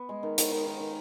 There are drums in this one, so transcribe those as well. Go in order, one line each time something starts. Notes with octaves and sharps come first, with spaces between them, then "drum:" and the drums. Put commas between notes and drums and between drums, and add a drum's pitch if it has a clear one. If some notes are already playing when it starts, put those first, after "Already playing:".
Already playing: B3
G#3
D#3
D#3, drum: hi-hat
D#3
D#3
D#3